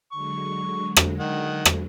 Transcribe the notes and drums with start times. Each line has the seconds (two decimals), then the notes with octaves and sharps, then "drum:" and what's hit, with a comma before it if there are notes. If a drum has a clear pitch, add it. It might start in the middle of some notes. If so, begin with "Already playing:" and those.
0.12 D3 F#3 G#3 C#6
0.97 drum: rim click
1.19 D#3 F#5
1.65 drum: rim click